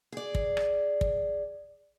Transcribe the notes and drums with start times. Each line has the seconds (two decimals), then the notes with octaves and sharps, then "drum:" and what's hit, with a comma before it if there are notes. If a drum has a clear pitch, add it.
0.12 G#4 D5
0.35 drum: kick
0.57 drum: rim click
1.01 drum: kick